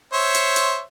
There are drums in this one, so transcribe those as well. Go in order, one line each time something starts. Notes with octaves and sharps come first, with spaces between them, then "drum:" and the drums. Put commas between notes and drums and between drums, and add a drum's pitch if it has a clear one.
C5 C#5 E5
drum: hi-hat
drum: hi-hat